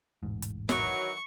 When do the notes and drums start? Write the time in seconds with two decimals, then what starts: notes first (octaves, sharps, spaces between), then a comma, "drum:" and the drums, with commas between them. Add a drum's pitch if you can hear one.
0.23 E1 A1 G#2
0.42 drum: hi-hat
0.69 D#3 E3 F#3 C#6, drum: snare